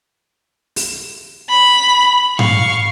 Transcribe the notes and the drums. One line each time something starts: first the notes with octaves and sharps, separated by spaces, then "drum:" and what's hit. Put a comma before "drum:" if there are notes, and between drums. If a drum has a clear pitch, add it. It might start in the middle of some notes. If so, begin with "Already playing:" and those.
drum: open hi-hat
B5
F5 C#6, drum: tom G#2